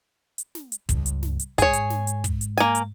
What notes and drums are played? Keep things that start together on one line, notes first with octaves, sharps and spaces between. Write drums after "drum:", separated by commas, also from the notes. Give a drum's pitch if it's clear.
drum: hi-hat
drum: snare
drum: hi-hat
C#2 G2, drum: kick, hi-hat
drum: hi-hat
drum: snare
drum: hi-hat
G#2 G#4 C#5, drum: kick, hi-hat
drum: hi-hat
drum: snare
drum: hi-hat
drum: kick, hi-hat
drum: hi-hat
A#3 G#5, drum: snare
drum: hi-hat